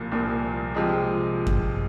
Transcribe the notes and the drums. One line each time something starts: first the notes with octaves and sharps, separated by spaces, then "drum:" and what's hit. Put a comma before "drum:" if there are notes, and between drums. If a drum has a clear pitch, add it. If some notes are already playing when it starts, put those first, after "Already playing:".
Already playing: C2 A#2 F3
C2 A#2 F3
C3 F3 G#3
drum: kick F#2